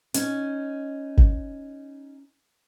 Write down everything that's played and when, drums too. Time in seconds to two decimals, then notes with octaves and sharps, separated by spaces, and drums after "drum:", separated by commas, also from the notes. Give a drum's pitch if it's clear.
0.14 C#4 D#4, drum: hi-hat
1.17 drum: kick G#1